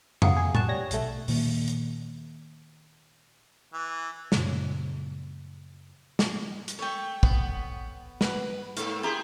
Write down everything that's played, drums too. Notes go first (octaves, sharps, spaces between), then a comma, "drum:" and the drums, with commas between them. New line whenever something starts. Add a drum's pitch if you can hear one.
F5 F#5 D#6, drum: tom F2
G#4
A5 C#6 F#6 E7, drum: tom A2
G3 C#5 A#6
B1 A3, drum: hi-hat
A#2 D#3 A#3 B3, drum: open hi-hat
drum: hi-hat
E3
F#2 A#2 C#3 F3, drum: snare
drum: snare
drum: hi-hat
A3 C#5 G5
B3, drum: kick
B4 F#5, drum: snare
G#2 A#3 A4 F5, drum: hi-hat
E4 G4 G#4 A#5 C6